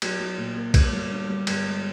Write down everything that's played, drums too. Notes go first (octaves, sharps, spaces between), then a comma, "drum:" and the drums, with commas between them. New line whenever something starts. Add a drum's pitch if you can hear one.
B1, drum: cymbal
B1
A#2
A#3
G3, drum: kick, cymbal
G1
G2
G3
G1, drum: cymbal
G#3